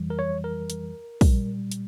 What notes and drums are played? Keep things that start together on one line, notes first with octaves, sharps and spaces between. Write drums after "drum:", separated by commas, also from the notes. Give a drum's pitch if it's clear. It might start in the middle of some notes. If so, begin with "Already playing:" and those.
Already playing: F2 E3 G3
A#4
C#5
A#4
drum: hi-hat
A#2 G3, drum: kick, open hi-hat
drum: hi-hat